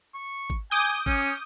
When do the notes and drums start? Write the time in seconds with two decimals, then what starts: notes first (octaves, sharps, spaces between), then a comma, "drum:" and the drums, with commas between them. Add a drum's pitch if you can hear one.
0.14 C#6
0.50 drum: kick G#1
0.71 G#5 D6 D#6 G6
1.06 C#4, drum: kick G#1